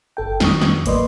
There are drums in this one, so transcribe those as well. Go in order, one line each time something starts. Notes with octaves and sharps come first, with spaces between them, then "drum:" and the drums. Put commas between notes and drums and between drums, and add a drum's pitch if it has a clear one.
G1 A4 G5
F2 D#3 F#3 C#6 D#6, drum: snare
drum: snare
A1 A#3 B4 D5 D#5 C6, drum: hi-hat